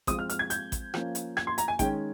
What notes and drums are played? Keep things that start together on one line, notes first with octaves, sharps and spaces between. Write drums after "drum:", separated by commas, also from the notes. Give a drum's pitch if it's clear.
F3 G#3 C4 D#6, drum: kick A1, hi-hat
F6
F6, drum: hi-hat
G#6
G6, drum: hi-hat
drum: kick A1, hi-hat
F3 A#3 C#4, drum: rim click
drum: hi-hat
G#6, drum: rim click
C6
A#5, drum: hi-hat
G#5
D#3 G#3 C#4 G5, drum: kick A1, hi-hat